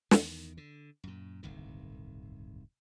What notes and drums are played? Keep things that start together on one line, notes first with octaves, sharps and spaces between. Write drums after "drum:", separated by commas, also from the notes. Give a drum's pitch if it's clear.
E2 D#3, drum: snare
D3
F#2 A#2
D1 G1 C2 D#3